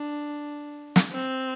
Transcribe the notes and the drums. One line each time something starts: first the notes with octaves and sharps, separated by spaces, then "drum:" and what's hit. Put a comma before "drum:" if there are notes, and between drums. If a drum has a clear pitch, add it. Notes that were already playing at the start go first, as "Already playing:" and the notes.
Already playing: D4
drum: snare
C4